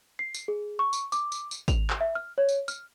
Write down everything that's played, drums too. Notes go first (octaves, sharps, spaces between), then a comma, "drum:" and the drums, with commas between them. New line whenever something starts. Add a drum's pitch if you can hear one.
C7
drum: tambourine
G#4
C#6
drum: tambourine
D6, drum: tambourine
drum: tambourine
drum: tambourine
F7, drum: kick G#1, tambourine
drum: clap
E5
F6
C#5
drum: tambourine
F6, drum: tambourine